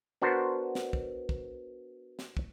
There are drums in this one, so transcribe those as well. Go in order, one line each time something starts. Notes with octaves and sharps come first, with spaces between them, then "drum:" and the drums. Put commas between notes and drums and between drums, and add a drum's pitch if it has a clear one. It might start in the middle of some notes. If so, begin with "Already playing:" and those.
B3 D4 F#4 A#4 C5
drum: snare
drum: kick
drum: kick
drum: snare
drum: kick